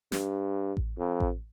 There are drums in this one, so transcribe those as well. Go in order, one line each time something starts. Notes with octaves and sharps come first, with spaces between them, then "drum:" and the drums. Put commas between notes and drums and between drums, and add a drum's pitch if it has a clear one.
G2, drum: snare
drum: kick A1
F2
drum: kick A1